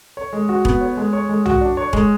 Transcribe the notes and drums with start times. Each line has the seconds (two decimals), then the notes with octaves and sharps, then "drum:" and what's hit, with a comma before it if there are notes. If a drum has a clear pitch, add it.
0.17 C#5
0.33 G#3
0.49 F#4
0.65 B3, drum: kick E1
0.81 C#5
0.97 G#3
1.13 C#5
1.29 G#3
1.46 F#4, drum: tom
1.61 D4
1.77 C#5
1.93 G#3, drum: kick E1